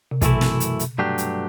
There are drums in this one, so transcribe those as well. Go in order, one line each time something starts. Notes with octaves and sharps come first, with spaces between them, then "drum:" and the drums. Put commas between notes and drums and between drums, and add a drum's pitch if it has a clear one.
C3
F#2 B2 E3 A3 E4, drum: kick, hi-hat
drum: snare
drum: hi-hat
drum: hi-hat
G2 F#3 A3 D4 G4
drum: hi-hat